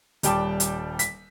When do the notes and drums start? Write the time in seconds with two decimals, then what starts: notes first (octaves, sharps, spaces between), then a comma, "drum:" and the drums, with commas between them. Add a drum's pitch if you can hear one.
0.23 D#1 G3 G5 A5 D6, drum: hi-hat
0.60 drum: hi-hat
0.99 B6, drum: hi-hat